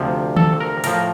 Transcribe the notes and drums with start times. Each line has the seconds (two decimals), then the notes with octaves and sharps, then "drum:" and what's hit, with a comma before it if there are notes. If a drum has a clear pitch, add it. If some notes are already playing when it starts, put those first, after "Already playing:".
Already playing: D2 C3 F3
0.36 A4, drum: tom D#3
0.60 A#4
0.84 A2 F3 A#4, drum: hi-hat